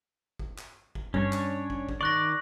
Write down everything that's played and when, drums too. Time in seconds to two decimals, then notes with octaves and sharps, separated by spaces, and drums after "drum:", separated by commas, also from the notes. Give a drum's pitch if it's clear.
0.39 drum: kick
0.58 drum: clap
0.95 drum: kick
1.14 G2 C#4 D4 C#5, drum: kick
1.33 drum: clap
1.70 drum: kick
1.89 drum: kick
2.01 D#3 D5 C#6 F#6 A#6